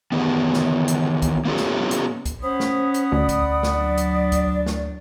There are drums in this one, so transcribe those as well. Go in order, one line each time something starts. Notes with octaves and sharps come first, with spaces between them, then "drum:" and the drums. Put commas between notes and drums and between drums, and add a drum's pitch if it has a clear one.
D#3 E3 B3
drum: snare
drum: hi-hat
drum: kick, hi-hat
A#3 B3 C#4 F4 G4 A4
drum: snare
drum: hi-hat
drum: kick, hi-hat
C#4 C5 F#5 B5 D#6
drum: snare
drum: hi-hat
D2 D5
drum: kick, hi-hat
drum: snare
F#3 D4 D5
drum: hi-hat
drum: kick, hi-hat
drum: snare